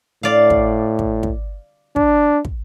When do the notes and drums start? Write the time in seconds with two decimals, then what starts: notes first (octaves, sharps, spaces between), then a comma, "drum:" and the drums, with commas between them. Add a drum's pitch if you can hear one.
0.23 A2 D5 F5
0.50 drum: kick
0.99 drum: kick
1.23 drum: kick
1.96 D4, drum: kick
2.45 drum: kick